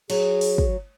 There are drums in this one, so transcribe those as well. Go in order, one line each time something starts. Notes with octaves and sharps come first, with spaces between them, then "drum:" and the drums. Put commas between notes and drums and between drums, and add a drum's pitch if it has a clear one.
F#3 G#4, drum: cymbal
drum: open hi-hat
drum: kick